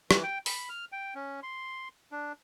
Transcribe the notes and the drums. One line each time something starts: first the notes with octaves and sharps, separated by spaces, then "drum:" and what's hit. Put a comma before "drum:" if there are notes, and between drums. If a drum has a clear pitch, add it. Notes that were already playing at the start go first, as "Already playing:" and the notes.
E3, drum: rim click
G5
B5, drum: open hi-hat
F6
G5
C#4
C6
D4